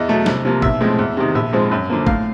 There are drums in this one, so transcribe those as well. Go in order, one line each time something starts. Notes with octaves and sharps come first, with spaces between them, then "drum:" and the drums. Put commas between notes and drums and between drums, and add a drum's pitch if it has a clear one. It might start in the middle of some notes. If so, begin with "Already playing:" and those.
Already playing: E2 D#5
B2 F#3 A3
C2, drum: snare
C3 F3 A#3
B1 E5, drum: kick
A2 F3 G#3 C4
E2
C3 D#3
A#1 E5
G#2 F3 G#3 C4
F#2
D3 F3 A#3
A2 F5, drum: kick